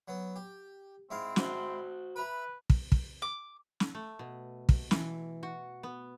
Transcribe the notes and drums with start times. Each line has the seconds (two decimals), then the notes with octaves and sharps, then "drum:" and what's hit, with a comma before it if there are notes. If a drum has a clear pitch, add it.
0.08 F#3 B3
0.36 G4
1.11 G#2 C4 E4 F5
1.36 F#4 C5, drum: snare
2.16 B4 E5 A#5 B5
2.70 drum: kick
2.92 drum: kick
3.22 D6
3.80 drum: snare
3.95 A3
4.19 B2
4.69 drum: kick
4.91 E3, drum: snare
5.43 F#4
5.83 B3